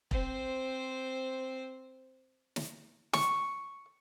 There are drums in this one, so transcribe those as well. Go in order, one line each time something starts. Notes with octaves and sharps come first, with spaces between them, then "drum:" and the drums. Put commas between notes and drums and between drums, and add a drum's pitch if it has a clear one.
C4 C5, drum: kick E1
drum: snare
C#6, drum: snare